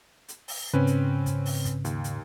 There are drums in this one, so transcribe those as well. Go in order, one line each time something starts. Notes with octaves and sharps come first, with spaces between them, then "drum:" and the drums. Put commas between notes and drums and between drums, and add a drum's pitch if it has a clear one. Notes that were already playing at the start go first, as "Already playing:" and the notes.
drum: hi-hat
drum: open hi-hat
G#2 C#3 C4 C#4 B4
drum: hi-hat
drum: kick, hi-hat
drum: open hi-hat
drum: kick, hi-hat
D#2, drum: hi-hat
drum: hi-hat